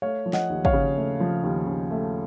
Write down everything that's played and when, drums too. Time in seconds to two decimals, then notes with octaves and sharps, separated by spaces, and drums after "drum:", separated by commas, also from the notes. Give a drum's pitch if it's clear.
0.02 A3 C#5 F5
0.26 F3
0.33 D#5 F#5, drum: snare
0.49 D#2
0.65 C#5 F5, drum: kick
0.73 C#3
0.97 A3
1.20 F3
1.43 D#2
1.66 C#3
1.91 A3